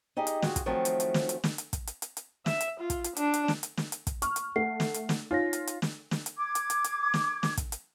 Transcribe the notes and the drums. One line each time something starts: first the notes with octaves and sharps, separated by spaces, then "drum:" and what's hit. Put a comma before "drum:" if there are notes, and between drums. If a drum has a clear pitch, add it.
D#4 G4 G#4 D#5
drum: hi-hat
F4 F#4 G#4, drum: snare
drum: kick, hi-hat
D#3 F3 F#3 A3 C4 C#4
drum: hi-hat
drum: hi-hat
drum: snare
drum: hi-hat
drum: snare
drum: hi-hat
drum: kick, hi-hat
drum: hi-hat
drum: hi-hat
drum: hi-hat
E5, drum: snare
drum: hi-hat
F4
drum: kick, hi-hat
drum: hi-hat
D4, drum: hi-hat
drum: hi-hat
drum: snare
drum: hi-hat
drum: snare
drum: hi-hat
drum: kick, hi-hat
C#6 F6, drum: hi-hat
drum: hi-hat
A3 F#5 C7
drum: snare
drum: hi-hat
drum: snare
D#4 F4 C#5 A#6
drum: hi-hat
drum: hi-hat
drum: snare
drum: snare
drum: hi-hat
D6 G#6
drum: hi-hat
drum: hi-hat
drum: hi-hat
drum: snare
drum: snare
drum: kick, hi-hat
drum: hi-hat